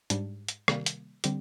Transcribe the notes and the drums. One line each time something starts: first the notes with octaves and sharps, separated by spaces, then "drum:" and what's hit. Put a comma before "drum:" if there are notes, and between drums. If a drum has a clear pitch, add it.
G#2 G3 D4, drum: hi-hat
drum: hi-hat
C3 D#3 G3 A#3, drum: rim click
drum: hi-hat
D3 G3 C4 G4, drum: hi-hat